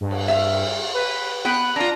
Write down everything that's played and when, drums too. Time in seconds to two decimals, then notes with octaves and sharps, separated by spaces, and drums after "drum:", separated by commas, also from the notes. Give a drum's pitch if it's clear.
0.01 G2
0.11 drum: cymbal
0.28 E5 F5
0.53 drum: cymbal
0.94 B4
1.45 B3 B4 G5 F#6
1.76 D4 F4 A#5